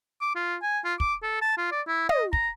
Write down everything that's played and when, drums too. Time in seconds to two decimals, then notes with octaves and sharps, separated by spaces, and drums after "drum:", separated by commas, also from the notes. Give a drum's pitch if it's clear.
0.21 D6
0.36 F4
0.62 G#5
0.85 F4
1.00 D6, drum: kick
1.23 A4
1.42 A5
1.57 F4
1.72 D5
1.87 E4
2.09 D#5, drum: tom
2.33 A#5, drum: kick